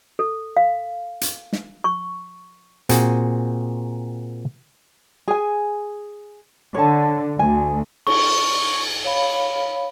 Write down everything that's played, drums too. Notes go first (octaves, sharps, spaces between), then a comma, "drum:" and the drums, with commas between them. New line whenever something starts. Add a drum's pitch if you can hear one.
A4
F5
drum: hi-hat
drum: snare
C#6
A#2 C4 F#4 G#4, drum: hi-hat
G#4 G#5
D3 C#5 A5
D2 G#5
C#6, drum: cymbal
C#5 F5 B5